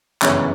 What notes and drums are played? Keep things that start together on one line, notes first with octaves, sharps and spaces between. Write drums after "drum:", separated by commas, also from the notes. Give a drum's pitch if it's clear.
G1 F#2 C#3 E3 C#5, drum: clap